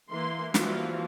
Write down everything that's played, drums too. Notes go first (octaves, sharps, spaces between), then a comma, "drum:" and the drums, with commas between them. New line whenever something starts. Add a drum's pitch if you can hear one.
E3 A#3 C6
E3 F3 G3 A#3 F4 F#4, drum: snare